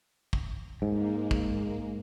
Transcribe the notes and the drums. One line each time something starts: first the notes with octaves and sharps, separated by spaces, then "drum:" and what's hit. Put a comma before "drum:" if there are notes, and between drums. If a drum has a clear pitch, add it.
drum: kick
G#2 G#3 A#3
drum: kick